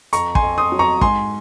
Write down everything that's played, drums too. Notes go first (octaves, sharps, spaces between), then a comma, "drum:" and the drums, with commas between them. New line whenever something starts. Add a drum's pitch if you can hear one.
F2 A#5 C#6, drum: hi-hat
G#5 C6, drum: kick
F2
C6 D#6
F#3
A#5 C#6
G#2 G#5 C6, drum: kick